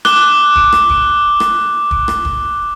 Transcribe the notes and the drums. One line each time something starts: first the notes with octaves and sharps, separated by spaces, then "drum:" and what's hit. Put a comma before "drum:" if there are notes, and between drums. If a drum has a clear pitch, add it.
D6 F#6 G7, drum: rim click
drum: kick
drum: rim click
drum: kick
drum: rim click
drum: kick
drum: rim click
drum: kick